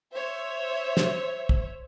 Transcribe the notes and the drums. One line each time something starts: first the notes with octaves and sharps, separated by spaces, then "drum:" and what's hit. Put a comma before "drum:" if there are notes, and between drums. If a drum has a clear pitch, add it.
C5 C#5 E5
drum: snare
drum: kick